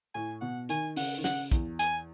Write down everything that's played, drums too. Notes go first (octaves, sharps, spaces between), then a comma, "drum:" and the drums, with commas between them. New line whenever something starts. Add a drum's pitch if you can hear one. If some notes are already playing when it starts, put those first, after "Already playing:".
A2 G#5
B2 F#5
D#3 G#5, drum: hi-hat
C#3 F#5, drum: open hi-hat
D#3
C#3 F#5, drum: snare
E2, drum: kick, hi-hat
G#5, drum: hi-hat